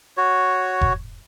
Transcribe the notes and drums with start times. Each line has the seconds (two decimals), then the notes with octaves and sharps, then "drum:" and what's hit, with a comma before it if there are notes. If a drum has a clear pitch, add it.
0.17 F#4 C#5
0.81 drum: kick F1